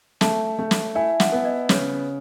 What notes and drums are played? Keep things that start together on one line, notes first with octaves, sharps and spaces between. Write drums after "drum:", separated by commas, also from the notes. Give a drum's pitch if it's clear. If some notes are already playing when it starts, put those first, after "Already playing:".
A3 A5, drum: snare
A3
drum: snare
E4 G#5
F#5, drum: snare
B3
D#5
C#3 C#5, drum: snare